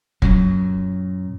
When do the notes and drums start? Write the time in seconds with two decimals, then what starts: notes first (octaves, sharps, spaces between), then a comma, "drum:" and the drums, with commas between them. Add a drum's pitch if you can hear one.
0.22 F#2 A#2 F#3, drum: kick